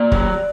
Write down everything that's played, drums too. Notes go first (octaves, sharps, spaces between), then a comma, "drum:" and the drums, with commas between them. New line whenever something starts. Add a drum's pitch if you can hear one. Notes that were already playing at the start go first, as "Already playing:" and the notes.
Already playing: A#3 D5
F#3, drum: kick